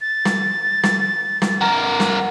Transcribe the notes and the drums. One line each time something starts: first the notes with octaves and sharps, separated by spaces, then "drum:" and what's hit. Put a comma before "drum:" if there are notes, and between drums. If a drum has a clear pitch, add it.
A6
drum: snare
drum: snare
drum: snare
B3 A#4
drum: snare